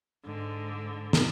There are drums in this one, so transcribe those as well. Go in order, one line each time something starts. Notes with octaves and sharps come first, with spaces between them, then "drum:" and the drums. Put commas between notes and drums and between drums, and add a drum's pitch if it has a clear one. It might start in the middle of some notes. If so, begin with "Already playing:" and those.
G#2 D3
drum: snare